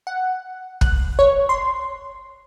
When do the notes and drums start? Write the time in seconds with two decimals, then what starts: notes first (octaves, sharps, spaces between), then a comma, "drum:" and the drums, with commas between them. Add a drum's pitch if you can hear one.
0.07 F#5
0.81 F#6, drum: kick
1.19 C#5
1.49 C6